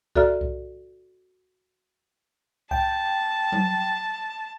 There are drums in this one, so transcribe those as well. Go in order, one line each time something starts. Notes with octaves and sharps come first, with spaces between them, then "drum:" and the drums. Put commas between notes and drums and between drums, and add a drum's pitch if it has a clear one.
F#4 A4 D5 E5 A#5 F6, drum: kick C2
drum: kick C2
G5 A5, drum: kick C2
drum: tom F#3